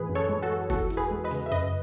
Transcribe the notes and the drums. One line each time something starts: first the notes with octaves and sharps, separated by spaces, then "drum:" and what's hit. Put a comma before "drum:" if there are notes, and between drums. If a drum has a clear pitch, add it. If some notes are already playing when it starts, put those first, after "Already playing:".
Already playing: A2 E3 G#4 B4
F#2
A4 C#5
G#3
F#4 A4
G#3
E2 F#4 A4, drum: kick F#1
E3, drum: hi-hat
G#4 B4
G#3
B4 D#5
C#3, drum: hi-hat
E5
F#2 B4 D#5